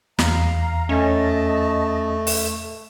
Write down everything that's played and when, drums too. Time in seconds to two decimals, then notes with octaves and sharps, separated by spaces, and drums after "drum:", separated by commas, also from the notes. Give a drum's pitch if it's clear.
0.19 E2 F5 A#5, drum: snare
0.89 A3 C#4 D#5 A5
2.27 drum: open hi-hat